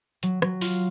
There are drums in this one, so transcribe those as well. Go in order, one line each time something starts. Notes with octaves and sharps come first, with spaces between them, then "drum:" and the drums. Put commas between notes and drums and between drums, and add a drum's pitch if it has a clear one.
F#3, drum: hi-hat
F#3, drum: rim click
F4, drum: open hi-hat